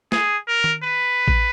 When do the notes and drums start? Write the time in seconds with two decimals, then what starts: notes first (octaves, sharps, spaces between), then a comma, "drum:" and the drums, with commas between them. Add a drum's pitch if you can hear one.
0.12 G#4, drum: snare
0.48 A#4
0.64 drum: tom D#3
0.84 B4
1.28 drum: kick A1